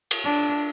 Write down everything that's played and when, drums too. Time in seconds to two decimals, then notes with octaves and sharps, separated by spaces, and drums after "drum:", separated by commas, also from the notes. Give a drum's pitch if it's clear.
0.11 drum: cymbal
0.24 D4